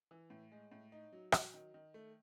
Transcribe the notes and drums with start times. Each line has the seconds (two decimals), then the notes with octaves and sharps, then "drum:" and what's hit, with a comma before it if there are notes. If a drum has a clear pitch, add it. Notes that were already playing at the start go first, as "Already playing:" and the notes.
0.11 E3
0.30 A2
0.52 G#3
0.72 A2
0.92 D#4
1.13 F#3
1.32 F#3, drum: rim click
1.54 D#3
1.74 D#3
1.94 A3